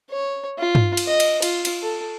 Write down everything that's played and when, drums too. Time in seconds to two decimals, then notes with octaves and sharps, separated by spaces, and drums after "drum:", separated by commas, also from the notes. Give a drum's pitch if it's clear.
0.10 C#5
0.58 F4
0.75 drum: tom
0.97 drum: cymbal
1.07 D#5
1.20 drum: cymbal
1.42 F4, drum: cymbal
1.65 drum: cymbal
1.82 A4